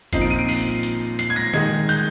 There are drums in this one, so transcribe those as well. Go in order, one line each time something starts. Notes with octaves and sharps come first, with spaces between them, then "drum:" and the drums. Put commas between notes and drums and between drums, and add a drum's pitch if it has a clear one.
A#2 F3 C4 D#4 C7, drum: kick F#1, hi-hat
D7
D#7
D7
C7, drum: open hi-hat
drum: hi-hat
C7, drum: hi-hat
G#6
A#6
D#3 G#3 D#4 G#6, drum: snare
G6, drum: hi-hat